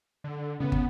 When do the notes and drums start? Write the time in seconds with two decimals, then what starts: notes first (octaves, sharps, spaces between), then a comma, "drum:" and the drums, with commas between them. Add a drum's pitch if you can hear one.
0.24 D3
0.60 C#3 B3 C#4
0.72 drum: kick